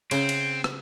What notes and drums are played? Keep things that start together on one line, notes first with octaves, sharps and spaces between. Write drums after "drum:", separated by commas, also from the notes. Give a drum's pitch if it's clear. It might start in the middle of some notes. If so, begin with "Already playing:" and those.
C#3 C4, drum: cymbal
drum: cymbal
drum: rim click